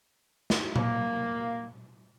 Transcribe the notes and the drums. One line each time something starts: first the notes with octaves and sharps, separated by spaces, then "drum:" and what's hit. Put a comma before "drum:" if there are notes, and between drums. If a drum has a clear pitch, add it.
drum: snare
A#3, drum: tom A#2